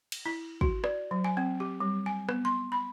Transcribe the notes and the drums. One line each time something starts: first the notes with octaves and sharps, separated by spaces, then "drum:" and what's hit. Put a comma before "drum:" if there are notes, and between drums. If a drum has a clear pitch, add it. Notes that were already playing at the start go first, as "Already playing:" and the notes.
drum: cymbal
E4
F#4, drum: kick
D5, drum: rim click
F#3
G#5
C4
G4
G3
G#5
B3, drum: rim click
C6
B5